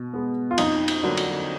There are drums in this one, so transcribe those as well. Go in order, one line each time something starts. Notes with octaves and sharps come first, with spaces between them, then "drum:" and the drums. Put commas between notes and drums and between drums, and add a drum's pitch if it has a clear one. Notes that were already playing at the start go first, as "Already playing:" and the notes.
Already playing: B2
G#3 B3
F4
F2 D#4, drum: cymbal
drum: cymbal
D3 F#3 A#3
drum: cymbal